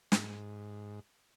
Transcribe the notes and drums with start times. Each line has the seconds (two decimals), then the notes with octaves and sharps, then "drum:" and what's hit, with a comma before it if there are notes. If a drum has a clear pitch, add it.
0.12 G#2, drum: snare